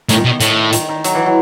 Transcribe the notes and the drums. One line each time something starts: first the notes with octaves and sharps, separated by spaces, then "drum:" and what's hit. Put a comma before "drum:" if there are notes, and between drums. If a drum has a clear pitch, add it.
A2 D#3, drum: hi-hat
B2
A2, drum: hi-hat
D#3, drum: hi-hat
D#3
F#3, drum: hi-hat
E3
F#3